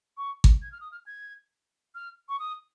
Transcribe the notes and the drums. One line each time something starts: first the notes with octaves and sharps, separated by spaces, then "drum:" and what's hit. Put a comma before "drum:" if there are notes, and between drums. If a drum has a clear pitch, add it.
C#6
drum: kick G#1
G#6
F6
D#6
F6
G#6
F6
C#6
D#6